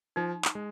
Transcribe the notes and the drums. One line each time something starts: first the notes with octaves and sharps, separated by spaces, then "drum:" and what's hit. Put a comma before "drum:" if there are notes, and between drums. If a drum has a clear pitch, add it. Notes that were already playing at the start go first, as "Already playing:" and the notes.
F3 D#4
drum: clap
G#3